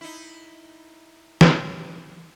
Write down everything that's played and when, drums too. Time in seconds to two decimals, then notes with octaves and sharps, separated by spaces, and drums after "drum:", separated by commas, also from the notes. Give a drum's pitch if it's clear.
0.01 D#4 E4
1.41 drum: snare